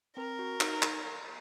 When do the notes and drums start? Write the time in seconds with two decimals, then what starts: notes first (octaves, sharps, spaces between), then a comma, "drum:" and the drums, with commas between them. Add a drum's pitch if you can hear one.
0.16 C4 A#4
0.39 F#4
0.61 D#4, drum: clap
0.82 drum: clap